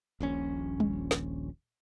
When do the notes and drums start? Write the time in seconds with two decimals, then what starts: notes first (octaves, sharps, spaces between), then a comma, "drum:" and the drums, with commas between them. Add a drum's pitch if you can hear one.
0.20 D#1 A#1 C#4
0.80 drum: tom G3
1.11 drum: snare